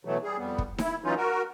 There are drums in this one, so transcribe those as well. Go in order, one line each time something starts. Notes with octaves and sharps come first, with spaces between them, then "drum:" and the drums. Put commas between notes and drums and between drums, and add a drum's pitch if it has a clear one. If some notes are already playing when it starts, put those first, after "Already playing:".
B2 E3 F#3 A3
G3 G#4
F2 G3 B3
drum: kick
E4, drum: snare D#4
E3 F#3 C#4 D#4 F4
F#4 A#4